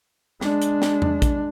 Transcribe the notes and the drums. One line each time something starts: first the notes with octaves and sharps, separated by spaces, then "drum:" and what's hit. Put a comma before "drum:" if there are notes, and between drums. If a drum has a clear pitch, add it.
G#3 D4, drum: snare
drum: hi-hat
drum: snare
drum: tom E2
drum: kick, hi-hat